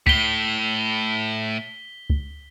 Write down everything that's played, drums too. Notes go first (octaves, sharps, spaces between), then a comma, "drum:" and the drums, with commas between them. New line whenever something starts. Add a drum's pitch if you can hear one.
A2 B6 G7, drum: kick C#2
drum: kick C#2